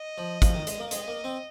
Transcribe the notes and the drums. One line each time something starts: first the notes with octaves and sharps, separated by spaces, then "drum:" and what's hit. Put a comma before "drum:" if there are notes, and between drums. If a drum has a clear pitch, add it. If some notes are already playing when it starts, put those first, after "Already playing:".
Already playing: D#5
F3
F3, drum: kick, hi-hat
D#3
G#3, drum: hi-hat
A#3
G#3 D#5, drum: hi-hat
A#3
C4